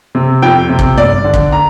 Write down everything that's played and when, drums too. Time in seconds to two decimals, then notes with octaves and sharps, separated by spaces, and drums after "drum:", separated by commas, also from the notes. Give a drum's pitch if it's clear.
0.15 C3
0.42 F2 G5
0.69 C3
0.79 drum: kick
0.97 G2 D5
1.24 D3
1.34 drum: kick
1.52 A#5